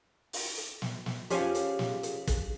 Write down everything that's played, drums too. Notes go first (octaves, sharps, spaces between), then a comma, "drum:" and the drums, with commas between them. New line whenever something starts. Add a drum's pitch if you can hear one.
drum: open hi-hat
drum: hi-hat
drum: snare
drum: snare
F3 C#4 G4 G#4 F5, drum: hi-hat
drum: hi-hat
drum: snare
drum: hi-hat
drum: kick, hi-hat